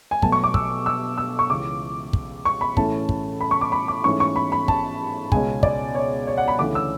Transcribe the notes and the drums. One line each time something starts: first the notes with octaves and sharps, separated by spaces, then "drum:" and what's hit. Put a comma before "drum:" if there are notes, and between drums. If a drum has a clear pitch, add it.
G#5
B2 F#3 A3 A5, drum: kick
C#6
D6
E6, drum: kick
E6
E6
C#6
C#2 C#3 E3 D6
drum: kick
C#6
B5
A2 E3 A3 C#4 A5, drum: kick
drum: kick
B5
C#6
D6
B5
D6
G#2 E3 A3 C#4 C#6
C#6
B5
B5
A5, drum: kick
C#2 B2 G#3 C#4 G#5, drum: kick
D5, drum: kick
C#5
C#5
F#5
B5
D2 C#3 E3 A3 C#4 D6
E6